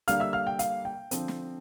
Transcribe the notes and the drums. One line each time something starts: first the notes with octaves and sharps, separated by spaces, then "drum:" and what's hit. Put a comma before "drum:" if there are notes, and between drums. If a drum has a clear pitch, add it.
D3 G3 A#3 F5 F6, drum: hi-hat
E5 E6
F5 F6
G5
F5, drum: hi-hat
G5
D3 F3 C4, drum: hi-hat
drum: snare